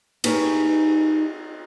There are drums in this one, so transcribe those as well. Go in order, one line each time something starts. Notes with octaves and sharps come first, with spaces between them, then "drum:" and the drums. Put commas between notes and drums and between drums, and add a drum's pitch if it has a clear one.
D#4 G4 G#4 A#4 B4 C#5, drum: cymbal